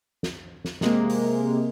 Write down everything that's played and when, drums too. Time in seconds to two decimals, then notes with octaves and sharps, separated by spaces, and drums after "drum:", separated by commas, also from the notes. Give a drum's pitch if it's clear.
0.23 drum: snare
0.65 drum: snare
0.81 C3 G#3 A#3, drum: snare
1.10 drum: open hi-hat